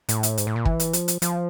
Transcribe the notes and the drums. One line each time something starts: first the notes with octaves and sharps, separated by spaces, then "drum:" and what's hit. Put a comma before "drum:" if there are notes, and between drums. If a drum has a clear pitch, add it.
A2, drum: hi-hat
drum: hi-hat
G#2, drum: hi-hat
A2
A#2
E3, drum: kick
drum: hi-hat
F3, drum: hi-hat
drum: hi-hat
F3, drum: hi-hat